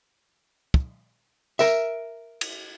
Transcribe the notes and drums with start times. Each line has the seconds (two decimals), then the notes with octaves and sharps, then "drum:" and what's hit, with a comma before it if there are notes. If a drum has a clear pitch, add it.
0.74 drum: kick
1.59 A#4 E5, drum: tambourine
2.41 drum: cymbal